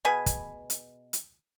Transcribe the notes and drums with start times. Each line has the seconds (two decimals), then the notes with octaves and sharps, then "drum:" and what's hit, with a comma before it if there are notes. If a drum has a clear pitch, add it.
0.05 B2 G#4 B4 G#5
0.26 drum: kick, hi-hat
0.70 drum: hi-hat
1.13 drum: hi-hat